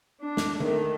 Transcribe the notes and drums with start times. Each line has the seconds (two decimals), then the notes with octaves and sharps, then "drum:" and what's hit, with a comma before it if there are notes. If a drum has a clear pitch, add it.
0.20 D4
0.37 drum: snare
0.60 D#3 A3, drum: tom D3